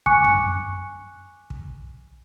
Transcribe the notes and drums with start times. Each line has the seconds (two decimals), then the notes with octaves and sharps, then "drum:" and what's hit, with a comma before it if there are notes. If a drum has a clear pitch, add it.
0.06 G#5 C#6 D6 F#6 C#7, drum: kick
0.24 drum: tom
1.50 drum: kick